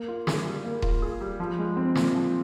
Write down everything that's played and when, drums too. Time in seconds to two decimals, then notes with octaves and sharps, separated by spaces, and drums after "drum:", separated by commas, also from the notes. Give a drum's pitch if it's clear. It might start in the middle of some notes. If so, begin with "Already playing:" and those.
Already playing: A#3
0.08 F4
0.27 G#4, drum: snare
0.46 G3
0.64 A#3
0.82 F4, drum: kick D#1
1.02 G#4
1.21 G3
1.40 F3
1.59 G#3
1.77 C4
1.95 A#2, drum: snare
2.15 F3